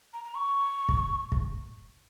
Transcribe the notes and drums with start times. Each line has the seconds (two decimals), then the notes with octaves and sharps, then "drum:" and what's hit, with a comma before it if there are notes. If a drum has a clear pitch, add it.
0.13 A#5
0.24 A#5
0.35 C#6
0.89 drum: kick
1.32 drum: kick